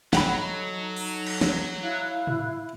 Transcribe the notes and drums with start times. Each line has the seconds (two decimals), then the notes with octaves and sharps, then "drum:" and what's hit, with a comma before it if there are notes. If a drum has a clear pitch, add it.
0.13 F#3 D#4 A4 F#5 G5 B5, drum: snare
0.96 drum: open hi-hat
1.26 drum: cymbal
1.41 drum: snare
1.82 E4 F5 F#6
2.27 drum: tom